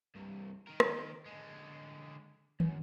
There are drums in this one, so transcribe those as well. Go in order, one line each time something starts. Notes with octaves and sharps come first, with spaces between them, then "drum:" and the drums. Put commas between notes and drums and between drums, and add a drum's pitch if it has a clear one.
C2 G2
D#3 A#4
drum: rim click
D3 G#3
F#2, drum: tom